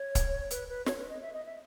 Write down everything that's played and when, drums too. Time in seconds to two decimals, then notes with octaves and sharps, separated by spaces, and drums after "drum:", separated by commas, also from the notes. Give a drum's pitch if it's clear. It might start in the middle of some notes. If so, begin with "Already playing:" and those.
Already playing: C#5
0.15 drum: kick, hi-hat
0.51 B4, drum: hi-hat
0.68 B4
0.86 C#5, drum: snare
0.99 B4
1.10 D#5
1.22 E5
1.33 D#5
1.46 E5